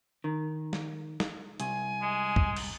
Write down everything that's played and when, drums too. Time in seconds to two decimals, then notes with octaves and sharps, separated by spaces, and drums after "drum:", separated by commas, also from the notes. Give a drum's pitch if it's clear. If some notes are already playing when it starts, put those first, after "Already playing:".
0.24 D#3
0.73 drum: snare
1.20 drum: snare
1.60 C2 G#5, drum: hi-hat
2.02 G#3
2.36 drum: kick
2.56 drum: cymbal